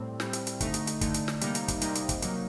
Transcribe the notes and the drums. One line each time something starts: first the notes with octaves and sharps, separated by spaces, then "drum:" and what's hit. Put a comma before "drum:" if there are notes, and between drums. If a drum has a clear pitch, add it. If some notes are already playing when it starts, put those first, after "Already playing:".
Already playing: A2 G3 C4
A2 G3 C4, drum: snare
drum: hi-hat
drum: hi-hat
D3 A3 D#4, drum: kick, hi-hat
drum: hi-hat
drum: hi-hat
D3 A3 D#4, drum: kick, hi-hat
drum: hi-hat
drum: snare
C3 G3 A#3 D#4, drum: hi-hat
drum: hi-hat
drum: kick, hi-hat
C3 G3 A#3 D#4, drum: hi-hat
drum: hi-hat
drum: kick, hi-hat
F#3 A#3 D#4, drum: hi-hat